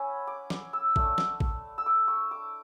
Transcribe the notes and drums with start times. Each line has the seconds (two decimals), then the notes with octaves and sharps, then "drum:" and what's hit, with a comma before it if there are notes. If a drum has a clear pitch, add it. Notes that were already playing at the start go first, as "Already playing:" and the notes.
Already playing: C#4 E4 F#5 G#5 B5
0.27 D6
0.50 D6, drum: snare
0.73 E6
0.96 A3 D4, drum: kick A1
1.18 drum: snare
1.40 drum: kick A1
1.78 E6
1.86 D6
2.08 C#6
2.31 D6